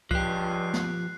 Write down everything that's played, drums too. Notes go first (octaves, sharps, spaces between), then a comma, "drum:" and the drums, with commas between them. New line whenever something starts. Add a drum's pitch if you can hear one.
C#2 G2 F3 G4 F#6 C7, drum: kick C#2
drum: snare